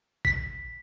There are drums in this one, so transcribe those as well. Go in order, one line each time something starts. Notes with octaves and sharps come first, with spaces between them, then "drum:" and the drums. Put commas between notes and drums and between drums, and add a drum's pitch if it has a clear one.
B6, drum: kick G#1